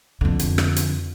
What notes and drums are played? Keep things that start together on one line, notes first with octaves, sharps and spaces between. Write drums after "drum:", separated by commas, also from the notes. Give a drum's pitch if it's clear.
F2 D3
drum: hi-hat
drum: rim click
drum: hi-hat